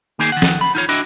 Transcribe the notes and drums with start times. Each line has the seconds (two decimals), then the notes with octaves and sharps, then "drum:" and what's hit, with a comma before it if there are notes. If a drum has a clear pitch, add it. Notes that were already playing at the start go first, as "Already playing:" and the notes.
0.19 D#3 A#3 D#4 G#4 G#5
0.32 D#3 F#5
0.42 drum: snare
0.61 B5
0.75 D#4 F4 C#5
0.89 D4 E4 F#4 D#5 G5